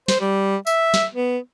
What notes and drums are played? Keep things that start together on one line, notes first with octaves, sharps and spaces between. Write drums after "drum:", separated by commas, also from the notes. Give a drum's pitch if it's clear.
C5, drum: snare
G3
E5, drum: tambourine
drum: snare
B3